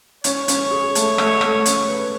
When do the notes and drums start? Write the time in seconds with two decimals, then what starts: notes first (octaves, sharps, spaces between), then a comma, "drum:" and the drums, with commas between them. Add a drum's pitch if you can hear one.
0.24 C#4 C#5, drum: hi-hat
0.48 C#4, drum: hi-hat
0.71 G#4
0.95 A3, drum: hi-hat
1.18 A3, drum: rim click
1.41 A3, drum: rim click
1.66 C#4, drum: hi-hat
1.88 B4